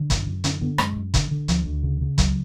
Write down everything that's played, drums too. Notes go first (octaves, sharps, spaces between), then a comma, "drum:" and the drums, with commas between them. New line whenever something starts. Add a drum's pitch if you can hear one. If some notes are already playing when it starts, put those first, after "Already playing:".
Already playing: D3
F#2, drum: kick, hi-hat
F#2
D3 C#4, drum: hi-hat
D3 B3
F#2 G#3, drum: rim click
F#2
D3, drum: kick, hi-hat
D3
D2 F3, drum: hi-hat
D2
C#3
C#3
C#2 F#3, drum: kick, hi-hat